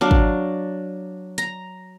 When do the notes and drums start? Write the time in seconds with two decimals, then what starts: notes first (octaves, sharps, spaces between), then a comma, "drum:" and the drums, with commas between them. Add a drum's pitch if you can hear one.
0.01 F#3 D4 F5
0.11 drum: kick
1.38 A#5, drum: hi-hat